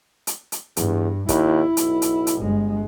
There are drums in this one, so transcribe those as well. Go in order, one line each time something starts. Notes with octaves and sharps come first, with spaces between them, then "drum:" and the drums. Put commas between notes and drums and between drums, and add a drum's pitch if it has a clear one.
drum: hi-hat
drum: hi-hat
E2 G2, drum: hi-hat
D#2 E4, drum: kick, hi-hat
B1, drum: hi-hat
drum: hi-hat
drum: hi-hat
G1 G#3